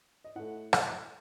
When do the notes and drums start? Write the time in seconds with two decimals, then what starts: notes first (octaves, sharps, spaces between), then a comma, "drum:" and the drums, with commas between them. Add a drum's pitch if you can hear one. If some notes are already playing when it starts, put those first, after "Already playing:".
0.24 D#5
0.36 A2 A3 F#5
0.73 drum: rim click